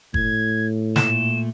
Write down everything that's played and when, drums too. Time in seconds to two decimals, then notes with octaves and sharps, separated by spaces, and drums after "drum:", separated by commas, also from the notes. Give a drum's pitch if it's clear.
0.14 A2 G#6, drum: kick
0.96 A#2 A3 E7, drum: snare